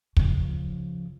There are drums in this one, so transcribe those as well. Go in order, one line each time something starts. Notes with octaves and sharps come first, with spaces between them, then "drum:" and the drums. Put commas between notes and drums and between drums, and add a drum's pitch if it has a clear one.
C#3 F3, drum: kick